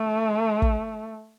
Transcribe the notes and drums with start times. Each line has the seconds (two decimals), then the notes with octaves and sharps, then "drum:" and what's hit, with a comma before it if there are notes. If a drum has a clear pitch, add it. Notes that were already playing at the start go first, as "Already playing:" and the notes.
Already playing: A3
0.62 drum: kick